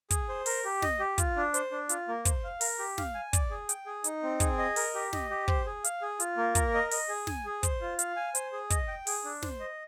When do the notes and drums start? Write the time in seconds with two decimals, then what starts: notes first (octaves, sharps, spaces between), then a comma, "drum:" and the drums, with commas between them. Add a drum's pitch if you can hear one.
0.10 G#4, drum: kick, hi-hat
0.29 C5
0.46 A#4, drum: open hi-hat
0.65 G4
0.82 D#5, drum: snare
1.00 G4
1.18 F4, drum: kick, hi-hat
1.37 D4
1.54 C5, drum: hi-hat
1.72 D4
1.89 F4, drum: hi-hat
2.08 A#3
2.25 C5, drum: kick, hi-hat
2.44 F5
2.61 A#4, drum: open hi-hat
2.79 G4
2.98 F5, drum: snare
3.15 G#5
3.33 D5, drum: kick, hi-hat
3.51 G#4
3.69 G5, drum: hi-hat
3.86 G#4
4.04 D#4, drum: hi-hat
4.23 C4
4.40 G#4, drum: kick, hi-hat
4.58 D#5
4.76 A#4, drum: open hi-hat
4.95 G4
5.13 D#5, drum: snare
5.30 G4
5.48 C5, drum: kick
5.66 G#4
5.84 F5, drum: hi-hat
6.02 G#4
6.20 F4, drum: hi-hat
6.37 A#3
6.55 A#4, drum: kick, hi-hat
6.74 D#5
6.91 D#5, drum: open hi-hat
7.09 G#4
7.27 G#5, drum: snare
7.46 G#4
7.63 C5, drum: kick, hi-hat
7.82 F4
7.99 F5, drum: hi-hat
8.16 G#5
8.35 C5, drum: hi-hat
8.53 G#4
8.70 D#5, drum: kick, hi-hat
8.88 G5
9.07 G#4, drum: open hi-hat
9.25 D4
9.43 C5, drum: snare
9.60 D#5